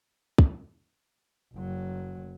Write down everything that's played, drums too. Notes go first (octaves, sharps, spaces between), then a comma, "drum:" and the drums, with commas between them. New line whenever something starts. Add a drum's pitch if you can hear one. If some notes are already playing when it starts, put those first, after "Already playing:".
drum: kick
F#1 F#3